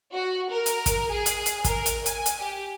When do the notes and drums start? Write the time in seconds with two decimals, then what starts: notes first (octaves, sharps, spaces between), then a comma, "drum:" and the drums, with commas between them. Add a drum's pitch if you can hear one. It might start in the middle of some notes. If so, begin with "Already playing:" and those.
0.14 F#4
0.50 A#4
0.66 drum: hi-hat
0.86 drum: kick, hi-hat
1.11 G#4
1.26 drum: hi-hat
1.46 drum: hi-hat
1.65 A#4, drum: kick, hi-hat
1.86 drum: hi-hat
2.06 G#5, drum: hi-hat
2.26 drum: hi-hat
2.40 G4